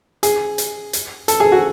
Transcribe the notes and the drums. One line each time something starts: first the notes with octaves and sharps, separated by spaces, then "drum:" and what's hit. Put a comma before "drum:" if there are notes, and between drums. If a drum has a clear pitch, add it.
G#4, drum: hi-hat
drum: hi-hat
drum: hi-hat
A4, drum: hi-hat
G#4
F#4